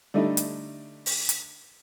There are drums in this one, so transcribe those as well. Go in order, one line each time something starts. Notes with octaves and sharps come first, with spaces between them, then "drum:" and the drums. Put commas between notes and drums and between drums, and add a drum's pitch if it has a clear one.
D3 G3 A3 D#4
drum: hi-hat
drum: open hi-hat
drum: hi-hat